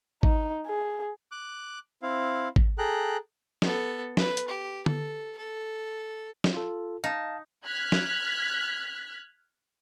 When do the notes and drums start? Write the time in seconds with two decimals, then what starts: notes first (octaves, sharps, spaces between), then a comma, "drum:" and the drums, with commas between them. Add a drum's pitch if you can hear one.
0.23 D#4, drum: kick G#1
0.67 G#4
1.32 D6 F#6
2.02 C4 E4 F5
2.56 drum: kick G#1
2.78 G#4 A4 G5 A#5 F#6
3.62 B3 A4, drum: snare
4.17 B4, drum: snare
4.37 drum: hi-hat
4.48 G4
4.86 A4, drum: tom D3
5.37 A4
6.44 drum: snare
6.54 F4 A4
7.04 D#4 F5 A5
7.66 F6 F#6 G#6 B6
7.92 drum: snare